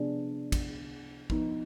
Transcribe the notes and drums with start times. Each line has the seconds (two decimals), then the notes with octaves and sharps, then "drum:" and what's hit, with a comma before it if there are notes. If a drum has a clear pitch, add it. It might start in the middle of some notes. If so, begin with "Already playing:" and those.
Already playing: C3 F3 B3 D4 G#4
0.52 drum: kick, cymbal
1.30 F3 B3 D#4, drum: kick